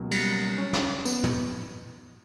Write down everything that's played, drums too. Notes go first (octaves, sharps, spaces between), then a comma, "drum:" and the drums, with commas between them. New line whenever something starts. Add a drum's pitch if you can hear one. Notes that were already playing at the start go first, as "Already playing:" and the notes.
Already playing: C#2 B2 F#3 A#3
G3, drum: cymbal
C#4
drum: snare
B3, drum: tambourine
drum: tom